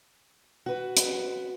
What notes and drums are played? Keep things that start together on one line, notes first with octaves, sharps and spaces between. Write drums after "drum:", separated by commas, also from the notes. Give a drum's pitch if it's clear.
F#4 B4
drum: hi-hat